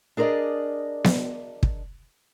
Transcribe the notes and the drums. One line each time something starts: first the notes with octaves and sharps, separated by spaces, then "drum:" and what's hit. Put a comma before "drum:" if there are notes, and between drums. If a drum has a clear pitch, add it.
D4 G#4 A#4 B4 D5 D#5
drum: snare B3
drum: kick